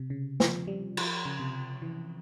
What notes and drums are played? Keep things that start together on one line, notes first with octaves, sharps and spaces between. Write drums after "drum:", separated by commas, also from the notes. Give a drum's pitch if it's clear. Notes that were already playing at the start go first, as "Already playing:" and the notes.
Already playing: C3
C#3
F3, drum: snare
G3
F3, drum: cymbal
C#3
C3
E3